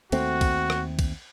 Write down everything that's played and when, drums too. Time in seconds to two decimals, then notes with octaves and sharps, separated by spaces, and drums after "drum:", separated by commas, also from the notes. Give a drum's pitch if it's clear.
0.12 D#2 A3 C4 F#4, drum: cymbal
0.41 drum: kick, cymbal
0.70 drum: rim click
0.99 drum: kick, cymbal